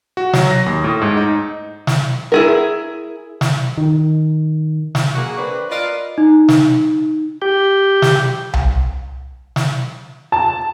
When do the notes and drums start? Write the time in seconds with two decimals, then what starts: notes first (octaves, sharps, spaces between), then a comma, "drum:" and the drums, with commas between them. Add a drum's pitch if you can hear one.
0.17 F#4
0.33 F#3, drum: snare
0.51 A#6
0.66 D#2
0.84 A2
1.02 G#2
1.17 D#4
1.87 drum: snare
2.32 E4 G#4 A#4
3.41 drum: snare
3.78 D#3
4.95 drum: snare
5.15 A#3 F#4 G#4
5.38 A3 C4 D4 B4
5.70 F4 A#4 B4 D5 D#5 F5
6.18 D#4
6.48 drum: snare
7.42 G4
8.02 drum: snare
8.53 drum: tom C2
9.56 drum: snare
10.32 A5